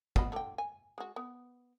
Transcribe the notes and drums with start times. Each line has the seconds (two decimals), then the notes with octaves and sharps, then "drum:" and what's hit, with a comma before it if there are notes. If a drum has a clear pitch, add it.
0.16 B3 D#5 B5, drum: kick
0.32 D3 G5
0.58 G#5
0.98 G#3 F#4
1.16 B3